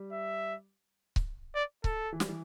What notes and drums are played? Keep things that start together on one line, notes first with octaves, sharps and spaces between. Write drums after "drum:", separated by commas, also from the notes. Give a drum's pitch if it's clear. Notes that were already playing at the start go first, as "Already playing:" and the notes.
Already playing: G3
E5
drum: kick C#1
D5
A4, drum: kick C#1
E3
G3, drum: snare
E3